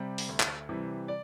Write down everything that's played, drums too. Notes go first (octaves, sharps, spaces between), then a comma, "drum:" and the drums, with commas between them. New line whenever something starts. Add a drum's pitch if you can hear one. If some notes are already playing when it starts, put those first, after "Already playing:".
Already playing: C3 G3
drum: open hi-hat
D2
drum: clap
C3 E3 G3
D5